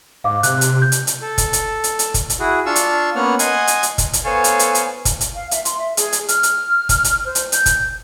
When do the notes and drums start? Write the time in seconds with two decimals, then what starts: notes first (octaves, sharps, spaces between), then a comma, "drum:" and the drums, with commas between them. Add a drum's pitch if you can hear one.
0.24 G#2 F5 D6
0.43 C3 F#6, drum: hi-hat
0.61 drum: hi-hat
0.82 G6
0.92 drum: hi-hat
1.07 drum: hi-hat
1.22 A4
1.38 drum: kick, hi-hat
1.53 drum: hi-hat
1.84 drum: hi-hat
1.99 drum: hi-hat
2.14 drum: kick, hi-hat
2.30 drum: hi-hat
2.40 E4 F#4 G#4
2.66 D4 F4 F5 C#6 E6
2.76 drum: hi-hat
3.16 A#3 B3 C#4 C#5 F#5 F6
3.39 D#5 F#5 G#5 C6 D#6, drum: hi-hat
3.67 drum: hi-hat
3.83 drum: hi-hat
3.98 drum: kick, hi-hat
4.13 drum: hi-hat
4.24 B3 A4 C5 C#5 F5 G#5
4.44 drum: hi-hat
4.59 drum: hi-hat
4.75 drum: hi-hat
5.05 drum: kick, hi-hat
5.21 drum: hi-hat
5.35 F5
5.51 E5, drum: hi-hat
5.65 C6, drum: hi-hat
5.78 E5
5.97 G#4, drum: hi-hat
6.13 drum: hi-hat
6.29 F6, drum: hi-hat
6.43 drum: hi-hat
6.89 drum: kick, hi-hat
7.04 drum: hi-hat
7.25 C5
7.35 drum: hi-hat
7.52 G6, drum: hi-hat
7.66 drum: kick, hi-hat